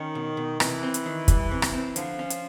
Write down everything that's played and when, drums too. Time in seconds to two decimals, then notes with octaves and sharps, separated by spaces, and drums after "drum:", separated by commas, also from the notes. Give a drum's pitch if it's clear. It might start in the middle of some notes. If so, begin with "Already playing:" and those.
Already playing: D#3 C#4
0.15 B2
0.37 B2
0.60 C3 E3, drum: rim click
0.83 C4
0.94 drum: hi-hat
1.06 D#3
1.28 G3, drum: kick, hi-hat
1.51 C3
1.62 drum: rim click
1.74 C4
1.96 D3 F3, drum: hi-hat
2.19 C#4
2.30 drum: hi-hat